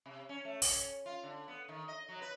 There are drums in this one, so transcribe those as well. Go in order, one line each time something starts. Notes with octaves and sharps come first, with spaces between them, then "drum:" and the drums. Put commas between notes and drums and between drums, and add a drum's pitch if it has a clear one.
C3
C#4
A3
C#4, drum: open hi-hat
F4
D3
B3
D#3
D#5
F#3
B4